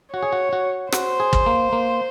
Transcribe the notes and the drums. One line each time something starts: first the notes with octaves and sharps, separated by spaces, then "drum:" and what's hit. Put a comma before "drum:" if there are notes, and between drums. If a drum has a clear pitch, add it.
F#4 C#5
G#4
F#4
F#4
F#4 C5, drum: rim click
G#4
drum: kick
A#3
A#3